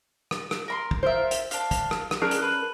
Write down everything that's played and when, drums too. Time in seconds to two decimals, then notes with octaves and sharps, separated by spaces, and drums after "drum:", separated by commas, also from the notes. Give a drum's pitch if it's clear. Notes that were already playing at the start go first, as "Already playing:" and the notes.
0.31 drum: rim click
0.51 drum: rim click
0.68 A#4 B5 C6
0.91 drum: kick
1.03 F4 A#4 C5 E5
1.31 drum: hi-hat
1.51 D4 F5, drum: hi-hat
1.71 drum: kick, hi-hat
1.91 drum: rim click
2.11 drum: rim click
2.22 C#4 D4 G#4 A#4 C#5 A5
2.31 drum: hi-hat
2.42 B4